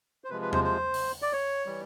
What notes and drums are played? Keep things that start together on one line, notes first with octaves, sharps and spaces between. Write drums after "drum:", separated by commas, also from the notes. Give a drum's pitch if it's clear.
C5
C3 F3 G#3 B4
B4
C5, drum: tom
C5
drum: open hi-hat
D5
C#5
E3 G3